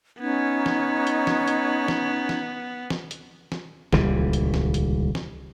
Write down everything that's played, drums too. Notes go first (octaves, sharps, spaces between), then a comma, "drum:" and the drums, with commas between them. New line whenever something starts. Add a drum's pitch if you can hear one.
B3 C#4 D#4 G#6
drum: snare
drum: hi-hat
drum: snare
drum: hi-hat
drum: snare
drum: snare
drum: snare
drum: hi-hat
drum: snare
D#1 C#2 E3 G3, drum: snare
drum: hi-hat
drum: snare
drum: hi-hat
drum: snare